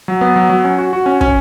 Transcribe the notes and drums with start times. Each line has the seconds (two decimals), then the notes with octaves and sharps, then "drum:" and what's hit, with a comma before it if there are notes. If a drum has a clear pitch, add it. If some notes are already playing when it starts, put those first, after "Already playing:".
0.08 F#3
0.21 B3
0.36 F#3
0.49 F#3
0.65 C#4
0.78 F#4
0.93 F#4
1.06 C#4
1.21 C#4, drum: kick